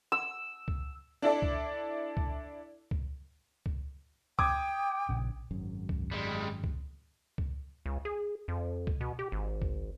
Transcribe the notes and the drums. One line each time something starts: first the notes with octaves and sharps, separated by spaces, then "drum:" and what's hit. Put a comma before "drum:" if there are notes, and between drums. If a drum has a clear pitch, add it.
E6
drum: kick C#2
D4 E4 A4 D5
drum: kick C#2
drum: kick C#2
drum: kick C#2
drum: kick C#2
G5 D6 D#6 G#6, drum: kick C#2
A#1 C#3
G#1 F#2
drum: kick C#2
G3 G#3
drum: kick C#2
drum: kick C#2
C#2
G#4
F2
drum: kick C#2
B2
G4
G#1
drum: kick C#2